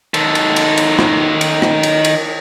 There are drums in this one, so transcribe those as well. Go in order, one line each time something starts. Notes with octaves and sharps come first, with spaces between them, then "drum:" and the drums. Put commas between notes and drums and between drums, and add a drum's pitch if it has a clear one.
D#3 A4, drum: cymbal
drum: cymbal
drum: cymbal
drum: cymbal
drum: rim click
drum: cymbal
drum: rim click
drum: cymbal
drum: cymbal